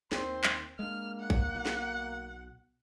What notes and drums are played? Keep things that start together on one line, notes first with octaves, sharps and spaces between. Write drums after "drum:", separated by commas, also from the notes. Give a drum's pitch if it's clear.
D#2 D#3 C4 C5, drum: snare
drum: clap
G#3 A#3 D4 F6
F#5
drum: kick A#1
B1 B2
drum: snare